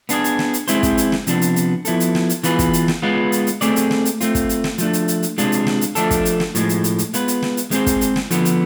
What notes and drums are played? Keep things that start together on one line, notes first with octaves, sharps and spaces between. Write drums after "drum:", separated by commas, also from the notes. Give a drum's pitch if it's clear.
B3 D4 G#4, drum: hi-hat
drum: hi-hat
drum: snare
drum: hi-hat
G#3 C4 E4 G#4 C5, drum: hi-hat
drum: kick, hi-hat
drum: hi-hat
drum: snare
C3 F3 B3 D4, drum: hi-hat
drum: hi-hat
drum: hi-hat
F3 B3 E4 A4, drum: hi-hat
drum: hi-hat
drum: snare
drum: hi-hat
E3 B3 F4 G#4 B4, drum: hi-hat
drum: kick, hi-hat
drum: hi-hat
drum: snare
G#3 B3 F4 B4
drum: hi-hat
drum: hi-hat
A3 C4 G#4 D5, drum: hi-hat
drum: hi-hat
drum: snare
drum: hi-hat
A3 C4 F4, drum: hi-hat
drum: kick, hi-hat
drum: hi-hat
drum: snare
F3 A3 D4, drum: hi-hat
drum: hi-hat
drum: hi-hat
drum: hi-hat
C3 G#3 D4 F4, drum: hi-hat
drum: hi-hat
drum: snare
drum: hi-hat
F3 A3 D4 A4, drum: hi-hat
drum: kick, hi-hat
drum: hi-hat
drum: snare
A2 F3 G#3, drum: hi-hat
drum: hi-hat
drum: hi-hat
drum: hi-hat
G#3 B3 F4 B4, drum: hi-hat
drum: hi-hat
drum: snare
drum: hi-hat
G#3 C4 G#4 C5, drum: hi-hat
drum: kick, hi-hat
drum: hi-hat
drum: snare
D3 F3 B3, drum: hi-hat
drum: hi-hat